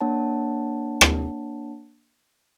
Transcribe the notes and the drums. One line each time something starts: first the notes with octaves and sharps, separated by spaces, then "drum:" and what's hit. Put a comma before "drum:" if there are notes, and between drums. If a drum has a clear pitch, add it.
A#3 D4 C#5 F#5 A5
drum: rim click